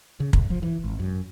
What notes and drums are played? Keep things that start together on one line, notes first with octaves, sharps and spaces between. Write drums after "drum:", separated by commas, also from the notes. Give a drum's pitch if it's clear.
C#3
B1, drum: kick
F3
E3
G#1
F#2